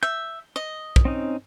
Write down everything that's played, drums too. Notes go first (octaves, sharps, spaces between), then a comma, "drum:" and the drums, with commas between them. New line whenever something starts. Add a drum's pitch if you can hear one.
E5 G6
D#5
drum: kick
C4 C#4 D#4